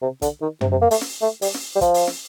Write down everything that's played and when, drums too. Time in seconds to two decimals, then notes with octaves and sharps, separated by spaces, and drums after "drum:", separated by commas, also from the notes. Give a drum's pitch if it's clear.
0.02 C3
0.22 D3, drum: kick, hi-hat
0.41 D#3
0.61 C3, drum: tom
0.71 C3
0.81 A#3
0.91 A3, drum: open hi-hat
1.01 drum: snare
1.22 A3
1.42 G3, drum: open hi-hat
1.54 drum: snare
1.76 G3
1.81 F3, drum: kick, hi-hat
1.94 drum: open hi-hat
2.07 drum: snare